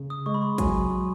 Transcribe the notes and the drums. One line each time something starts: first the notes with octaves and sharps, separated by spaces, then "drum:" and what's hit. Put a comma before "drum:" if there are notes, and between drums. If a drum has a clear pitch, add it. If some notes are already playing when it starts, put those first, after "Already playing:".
Already playing: C#3
D#6
G#3 C#6
B5
C6
F#3 G#5, drum: kick, hi-hat